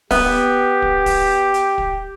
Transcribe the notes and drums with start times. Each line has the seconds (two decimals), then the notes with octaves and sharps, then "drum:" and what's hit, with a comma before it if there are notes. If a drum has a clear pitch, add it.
0.11 B3 G4, drum: kick, open hi-hat
0.82 drum: kick
1.06 drum: kick, open hi-hat
1.54 drum: hi-hat
1.78 drum: kick